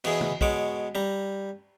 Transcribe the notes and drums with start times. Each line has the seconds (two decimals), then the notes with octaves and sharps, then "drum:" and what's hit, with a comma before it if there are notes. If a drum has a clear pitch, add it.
0.04 B2 E3 G#4, drum: cymbal
0.21 drum: tom
0.41 B2 G#3 C#5 D6, drum: kick
0.95 G3 A#5